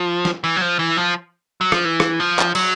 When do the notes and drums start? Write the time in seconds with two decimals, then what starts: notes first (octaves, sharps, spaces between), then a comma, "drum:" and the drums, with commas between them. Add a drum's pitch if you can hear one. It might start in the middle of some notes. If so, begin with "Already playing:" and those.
Already playing: F3
0.25 drum: snare
0.44 E3
0.56 F#3
0.61 F3
0.79 E3
0.97 F3
1.61 F#3
1.72 F3, drum: rim click
1.85 E3
2.00 drum: rim click
2.20 F3
2.39 drum: clap
2.55 F#3, drum: cymbal